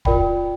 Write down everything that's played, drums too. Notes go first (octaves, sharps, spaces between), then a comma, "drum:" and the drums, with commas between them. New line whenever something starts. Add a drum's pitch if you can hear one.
F4 A#4 D5 G5 B5, drum: kick D1